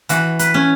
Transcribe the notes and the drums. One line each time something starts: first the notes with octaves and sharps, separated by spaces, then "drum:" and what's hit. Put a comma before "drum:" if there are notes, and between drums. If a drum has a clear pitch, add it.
E3 F#4, drum: hi-hat
B4, drum: hi-hat
C#4